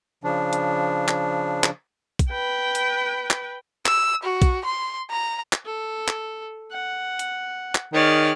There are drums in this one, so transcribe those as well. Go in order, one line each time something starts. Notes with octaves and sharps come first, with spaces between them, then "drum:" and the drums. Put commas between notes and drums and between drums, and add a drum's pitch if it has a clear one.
C#3 F3 D4
drum: hi-hat
drum: clap
drum: clap
drum: kick, hi-hat
B4 G5
drum: hi-hat
drum: clap
E6, drum: clap
F#4
drum: kick, hi-hat
C6
A#5
drum: clap
A4
drum: clap
F#5
drum: hi-hat
drum: clap
D#3 G#4 C#5 D5 F6